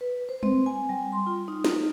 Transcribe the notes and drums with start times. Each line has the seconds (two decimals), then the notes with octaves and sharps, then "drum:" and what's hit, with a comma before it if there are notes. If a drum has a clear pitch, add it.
0.01 B4
0.29 C5
0.43 C4, drum: tom G3
0.66 G#5
0.89 G3
1.12 C6
1.27 F4
1.48 D#4
1.64 F4, drum: snare